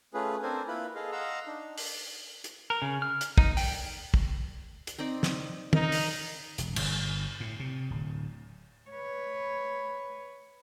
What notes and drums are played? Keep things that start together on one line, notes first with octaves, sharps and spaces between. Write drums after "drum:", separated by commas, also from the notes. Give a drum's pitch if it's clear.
A3 C#4 F4 G#4 B4
C4 D4 A4 A#4 C5 G#5
A#3 E4 F4 B4 B5
G#4 A4 D#5 F5
D#5 F5 F#5 A#5 C6 E6
D4 D#4
drum: open hi-hat
drum: hi-hat
A#4
C#3
F6
drum: hi-hat
D#4, drum: kick
G5, drum: open hi-hat
drum: kick
drum: hi-hat
C4 D#4 D5
drum: snare
D#4 A#4, drum: tom
drum: open hi-hat
E1, drum: hi-hat
G1, drum: cymbal
A2
C3
D1
B4 C#5